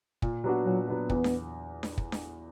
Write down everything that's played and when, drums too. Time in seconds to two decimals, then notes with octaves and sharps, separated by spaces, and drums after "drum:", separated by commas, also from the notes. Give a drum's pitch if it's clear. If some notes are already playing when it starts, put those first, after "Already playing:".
0.22 A#2, drum: kick
0.44 F#3 B3 D4 F#4
0.65 A#2 F#3
0.88 F#3 B3 D4 F#4
1.10 E2 B3, drum: kick
1.24 drum: snare D4
1.83 drum: snare D4
1.98 drum: kick
2.12 drum: snare D4